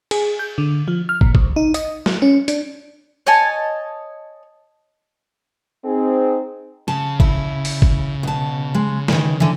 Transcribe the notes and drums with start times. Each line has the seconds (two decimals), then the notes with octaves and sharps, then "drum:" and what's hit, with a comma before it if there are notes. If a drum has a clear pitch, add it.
0.11 G#4, drum: cymbal
0.39 G6
0.58 D3
0.88 F3
1.09 F6
1.21 A#2, drum: kick
1.35 C2, drum: kick
1.56 D#4
1.74 D#5, drum: hi-hat
2.06 F#3, drum: snare
2.22 C#4
2.48 D4, drum: hi-hat
3.27 C#5 D#5 G#5 A5
5.85 C4 D#4 G#4
6.88 C#3 A5
7.20 E4, drum: kick
7.65 drum: open hi-hat
7.82 drum: kick
8.23 B2 A5
8.74 G#3
9.08 D#3 E3, drum: snare
9.40 D3 E3